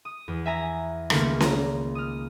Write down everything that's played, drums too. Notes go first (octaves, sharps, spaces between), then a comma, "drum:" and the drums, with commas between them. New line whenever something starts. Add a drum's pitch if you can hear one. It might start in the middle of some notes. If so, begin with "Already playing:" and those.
D#6
E2
E5 G#5 A#5
C#2 D#3 A3 A#3 D#4 C#6, drum: rim click
A#5, drum: snare C#4
D#6 F6